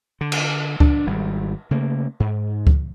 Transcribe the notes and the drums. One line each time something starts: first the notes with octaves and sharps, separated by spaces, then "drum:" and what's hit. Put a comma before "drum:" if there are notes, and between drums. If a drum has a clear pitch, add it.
D3
drum: cymbal
D4, drum: kick C#2
G#1 G3
C#3 A3 A#3
G#2
drum: kick C#2